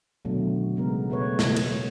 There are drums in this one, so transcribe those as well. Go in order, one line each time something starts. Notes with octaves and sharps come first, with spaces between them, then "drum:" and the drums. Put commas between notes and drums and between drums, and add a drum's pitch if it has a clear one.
B2 D3 D#3 F#3 A3
C#3 G#3 B3 A#4
B2 A3 B4 C#5
drum: snare
drum: cymbal